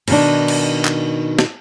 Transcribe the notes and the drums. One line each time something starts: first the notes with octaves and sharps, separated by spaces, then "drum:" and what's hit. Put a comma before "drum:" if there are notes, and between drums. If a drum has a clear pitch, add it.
B2 D#3 D4, drum: cymbal
drum: cymbal
drum: clap
drum: snare